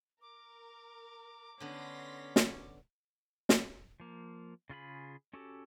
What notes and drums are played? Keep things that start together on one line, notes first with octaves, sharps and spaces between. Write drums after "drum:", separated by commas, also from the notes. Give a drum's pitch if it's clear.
A#4 D6
D3 B3 C#4 C6 A#6 B6
drum: snare
drum: snare
F3 A#3
C#3 F4 G#4 B5
C#4 F#4 G4 A4